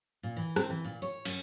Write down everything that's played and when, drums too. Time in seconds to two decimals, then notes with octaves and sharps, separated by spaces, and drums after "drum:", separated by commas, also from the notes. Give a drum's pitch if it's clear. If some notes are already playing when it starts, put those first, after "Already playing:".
0.23 A#2
0.36 E3
0.56 C4, drum: rim click
0.70 E3
0.85 A#2
1.02 C#5
1.25 F#2, drum: cymbal